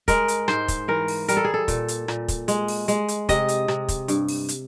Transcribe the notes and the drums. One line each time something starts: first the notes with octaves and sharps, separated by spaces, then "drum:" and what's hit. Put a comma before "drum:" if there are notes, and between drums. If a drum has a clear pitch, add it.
G#3 A#4, drum: kick, hi-hat
drum: hi-hat
G#2 C5, drum: rim click
drum: kick, hi-hat
E3 A#4
drum: open hi-hat
G3 A#4, drum: hi-hat
A4
G#4
A4
A#2, drum: kick, hi-hat
drum: hi-hat
A#2, drum: rim click
drum: kick, hi-hat
G#3, drum: hi-hat
drum: open hi-hat
G#3, drum: hi-hat
drum: hi-hat
C3 D#5, drum: kick, hi-hat
drum: hi-hat
C3, drum: rim click
drum: kick, hi-hat
G2, drum: hi-hat
drum: open hi-hat
drum: hi-hat